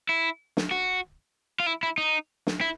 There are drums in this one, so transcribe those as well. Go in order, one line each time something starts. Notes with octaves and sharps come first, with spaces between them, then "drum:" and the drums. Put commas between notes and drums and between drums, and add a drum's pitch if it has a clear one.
E4
drum: snare
F#4
F4
E4
E4
D#4
drum: snare
E4